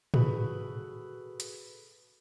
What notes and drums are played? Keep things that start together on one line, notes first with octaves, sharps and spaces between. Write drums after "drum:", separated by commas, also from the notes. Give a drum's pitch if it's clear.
F#4 G#4 A4 B4 B5, drum: tom
drum: hi-hat